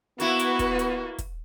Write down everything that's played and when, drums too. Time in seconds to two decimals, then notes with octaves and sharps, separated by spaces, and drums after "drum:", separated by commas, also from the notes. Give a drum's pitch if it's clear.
0.20 A#3 B3 E4 F#4 B4, drum: hi-hat
0.39 drum: hi-hat
0.59 drum: kick, hi-hat
0.79 drum: hi-hat
1.18 drum: kick, hi-hat